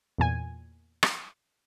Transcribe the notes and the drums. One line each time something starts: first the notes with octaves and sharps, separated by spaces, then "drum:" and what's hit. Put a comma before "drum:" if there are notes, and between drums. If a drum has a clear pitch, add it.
E2 A#2 G#5
drum: rim click